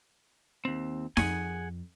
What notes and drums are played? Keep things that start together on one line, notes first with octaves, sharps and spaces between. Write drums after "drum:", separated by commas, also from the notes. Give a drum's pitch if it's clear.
D#2 C4
F2 G#4 F#5 G#5, drum: snare D#4